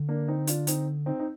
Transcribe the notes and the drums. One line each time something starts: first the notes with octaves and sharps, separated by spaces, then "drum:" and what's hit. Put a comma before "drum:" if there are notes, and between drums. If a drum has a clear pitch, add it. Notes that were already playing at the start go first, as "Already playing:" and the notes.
Already playing: D3
A#3 D4
C4 D#4
D4 F4, drum: hi-hat
C4 D#4, drum: hi-hat
C4 D#4
D#4